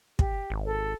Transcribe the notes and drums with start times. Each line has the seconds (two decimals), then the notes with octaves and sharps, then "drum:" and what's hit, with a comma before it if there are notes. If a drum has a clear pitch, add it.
0.19 G4, drum: kick
0.50 G#1
0.65 A4